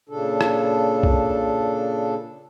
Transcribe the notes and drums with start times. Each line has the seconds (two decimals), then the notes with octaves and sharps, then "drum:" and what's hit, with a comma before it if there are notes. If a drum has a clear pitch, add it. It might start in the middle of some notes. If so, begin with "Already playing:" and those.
0.09 A#2 C#3 D4 A4
0.41 drum: rim click
1.03 drum: kick